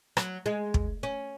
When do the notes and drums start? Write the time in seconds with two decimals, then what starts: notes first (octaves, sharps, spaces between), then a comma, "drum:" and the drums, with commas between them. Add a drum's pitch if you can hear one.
0.17 F#3, drum: rim click
0.46 G#3
0.74 drum: kick
1.03 C#4